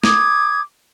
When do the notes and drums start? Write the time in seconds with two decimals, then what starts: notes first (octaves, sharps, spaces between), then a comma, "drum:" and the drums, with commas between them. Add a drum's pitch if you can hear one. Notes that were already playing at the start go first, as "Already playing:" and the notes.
0.04 D6 D#6 G#6, drum: snare